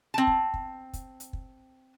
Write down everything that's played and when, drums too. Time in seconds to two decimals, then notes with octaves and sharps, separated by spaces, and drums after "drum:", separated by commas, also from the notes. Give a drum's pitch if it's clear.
0.14 C4 A5
0.27 drum: kick
0.54 drum: kick
0.93 drum: kick, hi-hat
1.20 drum: hi-hat
1.33 drum: kick